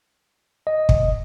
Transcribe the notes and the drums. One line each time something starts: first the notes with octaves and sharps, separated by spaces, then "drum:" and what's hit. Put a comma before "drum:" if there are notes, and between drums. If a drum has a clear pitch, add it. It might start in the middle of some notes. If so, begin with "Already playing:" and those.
D#5
drum: kick